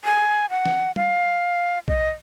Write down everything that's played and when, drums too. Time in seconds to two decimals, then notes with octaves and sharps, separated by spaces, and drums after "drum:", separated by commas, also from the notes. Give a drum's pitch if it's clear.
0.04 G#5
0.50 F#5
0.66 drum: snare
0.96 F5, drum: tom G3
1.88 D#5, drum: kick B1